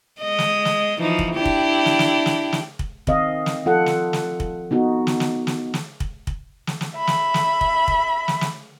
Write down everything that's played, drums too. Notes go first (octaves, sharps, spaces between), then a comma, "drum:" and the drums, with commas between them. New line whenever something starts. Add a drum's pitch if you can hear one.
G#3 D#5
drum: snare
drum: snare
E3 F3 D#4
drum: kick
D4 E4 G4
drum: kick
drum: snare
drum: snare
drum: snare
drum: snare
drum: kick
D#3 C4 D#5 F5, drum: kick
drum: snare
F3 F4 A4 F#5
drum: snare
drum: snare
drum: kick
B3 D#4 F#4
drum: snare
drum: snare
drum: snare
drum: snare
drum: kick
drum: kick
drum: snare
drum: snare
E5 B5
drum: snare
drum: snare
drum: kick
drum: kick
drum: snare
drum: snare